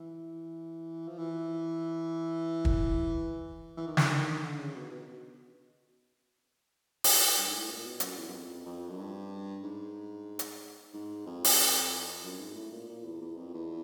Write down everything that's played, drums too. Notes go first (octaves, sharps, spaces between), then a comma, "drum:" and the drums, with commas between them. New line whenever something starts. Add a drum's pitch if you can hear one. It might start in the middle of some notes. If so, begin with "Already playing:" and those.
Already playing: E3
F3
E3
drum: kick
E3
D#3
D3, drum: snare
D#3
D3
C#3
B2
B2
drum: open hi-hat
G2
G#2
A2
A#2
B2
F#2, drum: hi-hat
E2
F#2
F2
F2
F#2
G2
G#2
drum: hi-hat
G#2
F2
drum: open hi-hat
F#2
G#2
A2
A#2
A#2
E2
E2
F2
E2